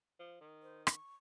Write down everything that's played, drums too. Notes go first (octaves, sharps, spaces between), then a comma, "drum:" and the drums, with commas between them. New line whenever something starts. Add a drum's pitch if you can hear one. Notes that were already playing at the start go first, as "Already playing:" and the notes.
F3
D#3
C5
C#6, drum: rim click